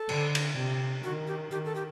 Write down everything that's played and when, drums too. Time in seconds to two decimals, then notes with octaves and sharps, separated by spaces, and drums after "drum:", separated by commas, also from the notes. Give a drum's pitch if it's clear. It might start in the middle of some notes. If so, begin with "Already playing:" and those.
Already playing: A4
0.09 D3, drum: cymbal
0.35 drum: cymbal
0.57 C3
1.04 D#3 F#4
1.27 G4
1.51 D#3 G4
1.65 A4
1.76 G4